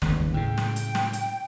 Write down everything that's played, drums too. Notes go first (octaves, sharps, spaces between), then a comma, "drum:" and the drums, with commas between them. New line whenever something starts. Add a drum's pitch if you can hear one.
G1 D#2 C#3, drum: snare
A2 C#3 G5
drum: snare
drum: hi-hat
drum: snare
drum: hi-hat